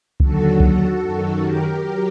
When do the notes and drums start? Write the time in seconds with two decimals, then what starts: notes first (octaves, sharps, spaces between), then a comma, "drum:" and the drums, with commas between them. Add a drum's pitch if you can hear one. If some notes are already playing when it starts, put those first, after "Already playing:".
0.20 D#2 D3 F#3 F#4 A4, drum: kick C2
0.60 F#4 A4, drum: kick C2
1.01 F#2 D#3 F#3
1.40 G4 A#4
1.79 F#3